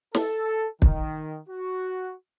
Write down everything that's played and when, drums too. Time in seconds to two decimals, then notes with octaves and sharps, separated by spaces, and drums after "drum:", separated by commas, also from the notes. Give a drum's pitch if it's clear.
0.15 A4, drum: snare
0.82 D#3, drum: kick
1.49 F#4